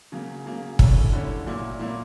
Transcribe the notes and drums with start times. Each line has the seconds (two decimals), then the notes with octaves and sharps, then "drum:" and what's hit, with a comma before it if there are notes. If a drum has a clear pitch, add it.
0.12 C#3 F#3 A#3
0.46 C#3 F#3 A#3
0.79 D3 G3 C#4 E4, drum: kick
1.13 D3 G3 C#4 E4
1.46 A#2 F#3 A#3 E4
1.80 A#2 F#3 A#3 E4